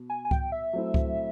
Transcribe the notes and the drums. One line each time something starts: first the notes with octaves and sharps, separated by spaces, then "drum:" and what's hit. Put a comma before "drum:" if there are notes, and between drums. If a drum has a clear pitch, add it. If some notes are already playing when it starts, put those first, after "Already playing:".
Already playing: B2
G#5
G#5
G5, drum: kick C#2
E5
F#3 A3 C4 E4
drum: kick C#2